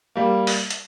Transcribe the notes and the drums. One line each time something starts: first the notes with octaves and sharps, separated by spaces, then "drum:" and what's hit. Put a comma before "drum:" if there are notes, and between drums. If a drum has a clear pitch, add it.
G3 A#3
drum: open hi-hat
drum: hi-hat